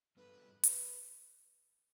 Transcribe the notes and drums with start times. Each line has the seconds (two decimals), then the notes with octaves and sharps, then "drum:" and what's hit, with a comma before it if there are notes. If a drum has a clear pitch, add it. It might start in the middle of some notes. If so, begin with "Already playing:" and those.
0.17 G2 F#3 B3 D4 A4 B4
0.63 B4, drum: hi-hat